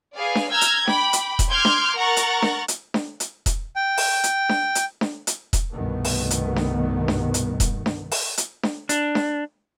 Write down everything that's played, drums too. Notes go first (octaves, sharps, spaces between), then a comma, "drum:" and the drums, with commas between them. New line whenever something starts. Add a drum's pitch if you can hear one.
G#4 B4 D5 F5
drum: snare D4
A#5 E6 F6 G6 G#6
drum: hi-hat
G5 B5 D6, drum: snare D4
drum: hi-hat
drum: kick E1, hi-hat
C6 D6 F6 G6 G#6
drum: snare D4
A#4 F#5 A#5 C#6 F#6 A6
drum: hi-hat
drum: snare D4
drum: hi-hat
drum: snare D4
drum: hi-hat
drum: kick E1, hi-hat
G5
drum: open hi-hat
drum: hi-hat
drum: snare D4
drum: hi-hat
drum: snare D4
drum: hi-hat
drum: kick E1, hi-hat
C2 G2 B2 D#3 A3 B3
drum: open hi-hat
drum: hi-hat
drum: snare D4
drum: snare D4
drum: hi-hat
drum: kick E1, hi-hat
drum: snare D4
drum: open hi-hat
drum: hi-hat
drum: snare D4
D4, drum: hi-hat
drum: snare D4